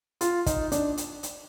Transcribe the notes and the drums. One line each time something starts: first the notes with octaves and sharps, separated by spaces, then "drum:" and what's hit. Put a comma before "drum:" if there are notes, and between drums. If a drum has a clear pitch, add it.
F4, drum: hi-hat
D#4, drum: kick, hi-hat
D4, drum: hi-hat
drum: hi-hat
drum: hi-hat